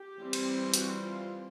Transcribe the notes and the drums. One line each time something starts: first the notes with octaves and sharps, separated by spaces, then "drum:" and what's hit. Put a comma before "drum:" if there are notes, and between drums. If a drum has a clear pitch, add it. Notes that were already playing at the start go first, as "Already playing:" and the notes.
Already playing: G4
E3 G3 C4
drum: cymbal
F#4, drum: hi-hat
F4